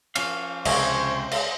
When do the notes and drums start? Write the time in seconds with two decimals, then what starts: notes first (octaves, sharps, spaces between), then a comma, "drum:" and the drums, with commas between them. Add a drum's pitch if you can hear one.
0.16 F3 C#4 F5, drum: cymbal
0.65 C#2 C3 C5 G5 G#5 C#6, drum: cymbal
1.31 drum: cymbal